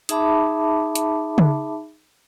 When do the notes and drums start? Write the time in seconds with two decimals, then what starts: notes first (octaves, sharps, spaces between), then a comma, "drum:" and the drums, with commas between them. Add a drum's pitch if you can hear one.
0.09 D#4 G#4 E5 A5 B5 D6, drum: hi-hat
0.95 drum: hi-hat
1.38 drum: tom C#3